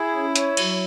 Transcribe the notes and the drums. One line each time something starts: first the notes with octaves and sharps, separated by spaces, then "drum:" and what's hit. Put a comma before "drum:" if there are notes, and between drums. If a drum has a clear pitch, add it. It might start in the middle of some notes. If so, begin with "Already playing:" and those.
Already playing: E4 G#4
C#4
C#5, drum: hi-hat
F#3, drum: cymbal